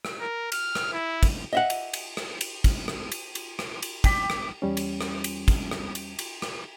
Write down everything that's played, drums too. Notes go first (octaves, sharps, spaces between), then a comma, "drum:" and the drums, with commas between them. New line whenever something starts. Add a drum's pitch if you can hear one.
drum: rim click
A#4
F6, drum: cymbal
drum: rim click
E4
drum: kick, cymbal
D#5 E5 F#5
drum: cymbal
drum: cymbal
drum: rim click
drum: cymbal
drum: kick, cymbal
drum: rim click
drum: cymbal
drum: cymbal
drum: rim click
drum: cymbal
G5 D6 B6, drum: kick, cymbal
drum: rim click
E2 G3 C#4
drum: cymbal
drum: rim click
drum: cymbal
drum: kick, cymbal
drum: rim click
drum: cymbal
drum: cymbal
drum: rim click